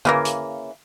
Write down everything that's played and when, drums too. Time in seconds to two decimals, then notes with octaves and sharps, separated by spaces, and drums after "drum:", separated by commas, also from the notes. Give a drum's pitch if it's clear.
0.05 C#3 E3 A#3, drum: tom
0.25 drum: hi-hat